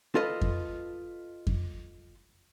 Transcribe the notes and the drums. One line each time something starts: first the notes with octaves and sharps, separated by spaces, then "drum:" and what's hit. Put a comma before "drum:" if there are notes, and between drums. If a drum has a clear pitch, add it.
F4 A4 B4 D#5
drum: kick F2
drum: kick F2